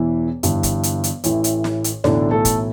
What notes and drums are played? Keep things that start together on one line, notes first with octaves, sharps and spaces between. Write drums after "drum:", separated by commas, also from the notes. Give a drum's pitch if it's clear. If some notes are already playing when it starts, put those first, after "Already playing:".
Already playing: E1 E2 E3
G1 G2 E3, drum: hi-hat
drum: kick, hi-hat
drum: hi-hat
drum: hi-hat
A1 A2 E3, drum: hi-hat
drum: hi-hat
drum: snare
drum: hi-hat
B1 A2 D3 E3 D4, drum: snare
A3 A4
drum: kick, hi-hat